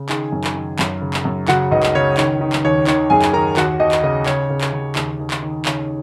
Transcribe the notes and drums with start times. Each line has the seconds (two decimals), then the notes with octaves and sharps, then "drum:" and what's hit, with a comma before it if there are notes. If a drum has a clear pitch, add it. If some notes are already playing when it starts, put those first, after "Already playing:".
Already playing: C#3
0.09 D#3 G#4 G#5, drum: clap
0.32 F#2
0.44 drum: clap
0.55 D#3
0.79 F#2, drum: clap
1.01 C#3
1.14 drum: clap
1.25 F#2
1.48 C#3 F#4 F#5, drum: clap
1.71 C#2 D#4 D#5
1.83 drum: clap
1.95 C#3 C#5
2.17 D#3 C#5, drum: clap
2.41 D#3
2.53 drum: clap
2.65 D#2 C#5
2.87 D#3 C#5, drum: clap
3.10 F#2 G#4 G#5
3.22 drum: clap
3.33 D#3 A#4 A#5
3.57 D#2 F#4 F#5, drum: clap
3.80 D#2 D#4 D#5
3.92 drum: clap
4.03 C#3 D#4 D#5
4.26 C#3 C#5, drum: clap
4.50 C#3
4.61 drum: clap
4.73 C#3
4.95 D#2, drum: clap
5.20 D#2
5.31 drum: clap
5.42 D#3
5.65 C#3 C#5, drum: clap